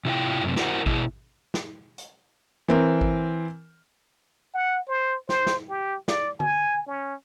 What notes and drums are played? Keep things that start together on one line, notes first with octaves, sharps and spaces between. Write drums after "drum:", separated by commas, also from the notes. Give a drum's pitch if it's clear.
C3 E4 F4 G5
F#2 C3
E4 F#4 A#4 C5 E5 F#5, drum: snare
B2 E4 G#4, drum: kick G#1
drum: snare
drum: hi-hat
E3 C4 A#4
drum: kick G#1
F#5
C5
C5, drum: snare
drum: snare
G4
D5, drum: snare
G#5, drum: tom D3
C#4